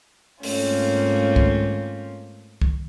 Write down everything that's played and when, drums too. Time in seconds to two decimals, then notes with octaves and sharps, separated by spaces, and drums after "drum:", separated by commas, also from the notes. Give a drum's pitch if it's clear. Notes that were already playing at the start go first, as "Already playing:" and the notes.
0.43 G#2 A3 A#3 C4 C#4 F4, drum: open hi-hat
1.36 drum: kick C2
2.62 drum: kick C2